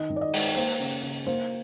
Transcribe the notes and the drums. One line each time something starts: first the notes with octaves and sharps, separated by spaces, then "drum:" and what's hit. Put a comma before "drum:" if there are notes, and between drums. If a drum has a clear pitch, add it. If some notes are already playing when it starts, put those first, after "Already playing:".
Already playing: D#3 D#5
D#3
D5
D#5
G#3, drum: open hi-hat
A#3 C5
C#3
C#3
A#3 C5